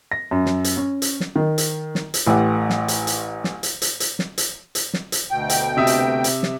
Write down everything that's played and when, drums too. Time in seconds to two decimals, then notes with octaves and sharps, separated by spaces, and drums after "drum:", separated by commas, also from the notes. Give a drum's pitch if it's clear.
0.12 A#6
0.31 F#2
0.46 drum: snare
0.64 drum: hi-hat
0.77 C#4
1.02 drum: hi-hat
1.20 drum: snare
1.36 D#3
1.58 drum: hi-hat
1.95 drum: snare
2.14 drum: hi-hat
2.26 A1 E3 A3 G4 F#5
2.70 drum: snare
2.88 drum: hi-hat
3.07 drum: hi-hat
3.44 drum: snare
3.63 drum: hi-hat
3.82 drum: hi-hat
4.00 drum: hi-hat
4.19 drum: snare
4.38 drum: hi-hat
4.75 drum: hi-hat
4.94 drum: snare
5.12 drum: hi-hat
5.31 D2 B2 G5
5.49 drum: hi-hat
5.77 C3 E5 D#6
5.87 drum: hi-hat
6.24 drum: hi-hat
6.43 drum: snare